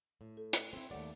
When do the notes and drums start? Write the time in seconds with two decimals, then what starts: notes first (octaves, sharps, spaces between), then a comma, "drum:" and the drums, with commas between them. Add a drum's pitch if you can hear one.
0.21 A2
0.37 A4
0.53 drum: hi-hat
0.73 C4 E4
0.91 D#2 A3 C#5 D5 F#5